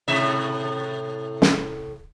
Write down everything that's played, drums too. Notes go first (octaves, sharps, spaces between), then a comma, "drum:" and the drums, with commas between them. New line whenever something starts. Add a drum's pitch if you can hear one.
A2 C3 E5
drum: snare